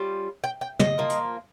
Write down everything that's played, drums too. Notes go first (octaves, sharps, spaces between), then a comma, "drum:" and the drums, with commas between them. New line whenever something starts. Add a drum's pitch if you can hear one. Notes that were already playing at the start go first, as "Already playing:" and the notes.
Already playing: G3 C#4 F4
G5
G5
D#5, drum: tom
F3 A#3 F4
drum: hi-hat